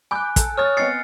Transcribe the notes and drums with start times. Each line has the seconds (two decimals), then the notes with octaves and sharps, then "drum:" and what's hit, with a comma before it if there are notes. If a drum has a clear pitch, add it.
0.11 G#5 B5 D6 F#6 G6
0.36 A4, drum: kick, hi-hat
0.58 C#5 D#6 F6 A6
0.77 B3 C4 D#5 A6 C7 C#7